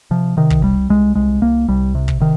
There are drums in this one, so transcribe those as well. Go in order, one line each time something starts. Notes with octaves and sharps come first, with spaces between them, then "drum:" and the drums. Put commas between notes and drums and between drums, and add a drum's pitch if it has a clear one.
C3 F3
C3 D#3
drum: kick
C2 G3
C2 G#3
C2 G#3
C2 A#3
C2 G3
C3
drum: kick
C3 D#3